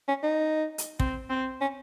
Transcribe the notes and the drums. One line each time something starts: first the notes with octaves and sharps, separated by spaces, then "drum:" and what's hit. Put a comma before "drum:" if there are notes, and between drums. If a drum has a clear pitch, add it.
C#4
D#4
drum: hi-hat
C4, drum: kick
C4
C#4